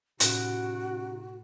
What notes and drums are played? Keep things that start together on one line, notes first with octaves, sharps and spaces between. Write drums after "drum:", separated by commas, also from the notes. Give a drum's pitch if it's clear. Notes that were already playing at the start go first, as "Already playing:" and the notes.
A2 C3 C#4 D#4 F#4 F#6 D7, drum: hi-hat